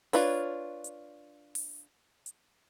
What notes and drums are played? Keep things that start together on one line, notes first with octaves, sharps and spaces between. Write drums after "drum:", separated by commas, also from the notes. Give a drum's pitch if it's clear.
D4 F4 B4 C#5, drum: open hi-hat
drum: hi-hat
drum: open hi-hat
drum: hi-hat